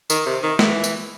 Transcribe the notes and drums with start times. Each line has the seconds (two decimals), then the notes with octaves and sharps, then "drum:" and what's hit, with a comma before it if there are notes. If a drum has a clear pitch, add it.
0.10 D#3, drum: tambourine
0.26 C3
0.43 D#3
0.59 E3, drum: snare
0.84 drum: tambourine